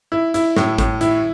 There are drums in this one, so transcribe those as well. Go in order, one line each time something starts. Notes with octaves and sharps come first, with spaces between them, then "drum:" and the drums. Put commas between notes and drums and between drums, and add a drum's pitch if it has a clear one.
E4
E4, drum: hi-hat
A2, drum: snare
A2, drum: kick G#1, hi-hat
E4, drum: hi-hat